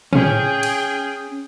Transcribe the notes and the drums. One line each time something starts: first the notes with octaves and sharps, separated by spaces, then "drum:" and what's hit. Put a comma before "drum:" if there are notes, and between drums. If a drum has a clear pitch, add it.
C#4 G#4 G5, drum: tom A2
drum: cymbal